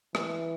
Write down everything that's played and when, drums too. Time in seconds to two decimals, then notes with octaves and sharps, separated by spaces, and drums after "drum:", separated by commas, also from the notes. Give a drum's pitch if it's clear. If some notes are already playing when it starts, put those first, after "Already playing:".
0.15 E3, drum: rim click